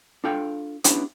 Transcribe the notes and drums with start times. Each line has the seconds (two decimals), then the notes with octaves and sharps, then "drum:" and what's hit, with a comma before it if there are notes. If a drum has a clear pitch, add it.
0.24 D4 F4 A4 F5 G5
0.84 B3 C#4 D4 E4 G4, drum: hi-hat